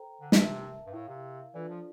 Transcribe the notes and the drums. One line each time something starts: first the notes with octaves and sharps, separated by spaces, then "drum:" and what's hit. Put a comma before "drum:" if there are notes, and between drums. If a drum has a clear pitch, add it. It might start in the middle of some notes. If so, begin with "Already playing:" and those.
Already playing: A4 C5 G5 A#5
D3
C3 A#4 E5 A5, drum: snare
G2
A2 E4 A#4 F5
C3
E3 D4 F4 A4 D5
F3